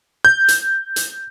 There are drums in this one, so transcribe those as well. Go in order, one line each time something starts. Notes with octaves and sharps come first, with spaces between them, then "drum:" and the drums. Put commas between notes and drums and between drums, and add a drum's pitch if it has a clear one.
G6
drum: hi-hat
drum: hi-hat